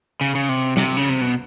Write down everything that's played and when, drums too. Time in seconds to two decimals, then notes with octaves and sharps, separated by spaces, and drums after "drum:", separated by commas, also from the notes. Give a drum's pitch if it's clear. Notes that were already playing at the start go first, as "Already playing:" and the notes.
0.21 C#3, drum: tambourine
0.35 C#3
0.49 C3, drum: tambourine
0.77 C3, drum: snare
0.97 C#3
1.09 C3
1.21 B2